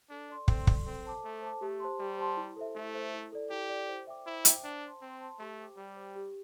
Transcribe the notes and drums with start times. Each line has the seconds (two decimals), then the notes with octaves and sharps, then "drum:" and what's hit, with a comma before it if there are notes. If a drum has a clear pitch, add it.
0.10 D4 A4
0.30 D5 C6
0.48 C4 A4, drum: kick
0.67 D5 C6, drum: kick
0.86 C4 A4
1.04 C5 A5 D6
1.24 A3 A4
1.42 C5 A5 D6
1.61 A3 G4
1.80 C5 A5 C6
1.99 G3 G4
2.18 C5 A5 C6
2.37 E4
2.56 A4 C5 E5
2.75 A3 E4
2.94 A4 C5 E5
3.13 E4
3.32 A4 D5
3.50 E4 G4
3.69 A4 D5
3.88 C5
4.07 E5 G5 D6
4.26 E4 C5
4.45 E5 G5 D6, drum: hi-hat
4.64 D4 C5
4.84 A5 C6
5.02 C4 C5
5.21 A5 C6
5.39 A3 G4
5.59 C5 G5 D6
5.77 G3 G4
5.96 C5 G5 D6
6.15 G4